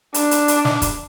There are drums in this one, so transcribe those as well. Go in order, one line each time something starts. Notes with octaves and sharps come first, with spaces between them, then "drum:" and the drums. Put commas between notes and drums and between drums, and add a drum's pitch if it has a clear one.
D4, drum: hi-hat
drum: hi-hat
drum: hi-hat
drum: snare
drum: kick, hi-hat